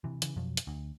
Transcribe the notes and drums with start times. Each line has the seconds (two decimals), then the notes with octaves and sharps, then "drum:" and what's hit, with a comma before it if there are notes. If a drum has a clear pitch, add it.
0.04 C3 E3
0.22 C#3 E3, drum: hi-hat
0.36 F2 B2 F3 F#3
0.57 drum: hi-hat
0.67 D2